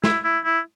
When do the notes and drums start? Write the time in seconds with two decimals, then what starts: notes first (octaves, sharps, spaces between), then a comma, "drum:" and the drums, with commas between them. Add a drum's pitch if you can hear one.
0.04 E4, drum: snare
0.24 E4
0.45 E4